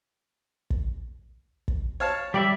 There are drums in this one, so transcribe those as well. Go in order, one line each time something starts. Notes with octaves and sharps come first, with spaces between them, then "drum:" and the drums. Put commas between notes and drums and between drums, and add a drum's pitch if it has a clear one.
drum: kick
drum: kick
C#5 F5 A5
G3 G4 D5 E5